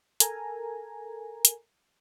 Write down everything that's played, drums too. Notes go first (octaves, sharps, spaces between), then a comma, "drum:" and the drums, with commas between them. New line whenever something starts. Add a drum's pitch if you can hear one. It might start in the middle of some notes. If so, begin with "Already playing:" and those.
A4 A#4 G#5 A#5, drum: hi-hat
drum: hi-hat